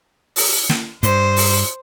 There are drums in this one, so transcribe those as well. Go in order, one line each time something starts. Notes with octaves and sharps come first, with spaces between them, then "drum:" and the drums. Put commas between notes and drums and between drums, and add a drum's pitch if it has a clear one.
drum: open hi-hat
drum: snare
G2 C5, drum: hi-hat
drum: open hi-hat